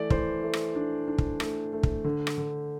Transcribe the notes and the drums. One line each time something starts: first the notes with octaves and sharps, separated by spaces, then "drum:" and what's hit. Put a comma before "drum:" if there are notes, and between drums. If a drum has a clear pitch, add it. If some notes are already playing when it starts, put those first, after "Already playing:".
Already playing: E3 A3 D5
E3 C5, drum: kick
A3
drum: rim click
D4
D4
drum: kick
A3, drum: rim click
A3
drum: kick
D3
drum: rim click
D3